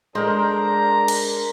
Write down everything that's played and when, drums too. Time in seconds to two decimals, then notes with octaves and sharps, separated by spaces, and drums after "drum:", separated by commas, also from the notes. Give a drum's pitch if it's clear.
0.15 G#3 D4 A#4 C5 A#5
1.08 drum: cymbal